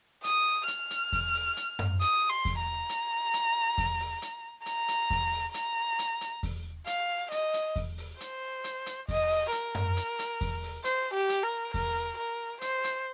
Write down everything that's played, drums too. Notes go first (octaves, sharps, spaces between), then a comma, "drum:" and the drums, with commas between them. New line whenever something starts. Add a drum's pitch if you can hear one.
D#6, drum: hi-hat
F6, drum: hi-hat
drum: hi-hat
drum: kick E2, open hi-hat
drum: open hi-hat
drum: hi-hat
drum: tom F#2
D#6, drum: hi-hat
C6
drum: kick E2, open hi-hat
A#5
drum: hi-hat
drum: hi-hat
drum: kick E2, open hi-hat
drum: open hi-hat
drum: hi-hat
A#5, drum: hi-hat
drum: hi-hat
drum: kick E2, open hi-hat
drum: open hi-hat
A#5, drum: hi-hat
drum: hi-hat
drum: hi-hat
drum: kick E2, open hi-hat
F5, drum: hi-hat
D#5, drum: hi-hat
drum: hi-hat
drum: kick E2, open hi-hat
drum: open hi-hat
C5, drum: hi-hat
drum: hi-hat
drum: hi-hat
D#5, drum: kick E2, open hi-hat
drum: open hi-hat
A#4, drum: hi-hat
drum: tom F#2
drum: hi-hat
drum: hi-hat
drum: kick E2, open hi-hat
drum: open hi-hat
C5, drum: hi-hat
G4
drum: hi-hat
A#4
A#4, drum: kick E2, open hi-hat
drum: open hi-hat
A#4
C5, drum: hi-hat
drum: hi-hat